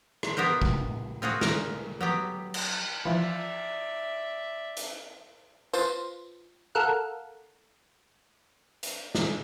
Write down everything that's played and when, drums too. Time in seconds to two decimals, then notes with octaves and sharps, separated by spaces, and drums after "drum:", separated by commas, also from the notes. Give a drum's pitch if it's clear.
0.23 drum: rim click
0.37 B3 G4 A#4 C5
0.62 drum: kick
1.22 C4 F4 F#4 G#4
1.41 A#4, drum: snare
2.01 F#3 B3 G4
2.54 drum: cymbal
3.05 E3 F3 D5 E5
4.77 drum: hi-hat
5.73 F4 B4 C5, drum: tambourine
6.75 A4 A#4 F5 F#5
8.83 drum: hi-hat
9.15 drum: snare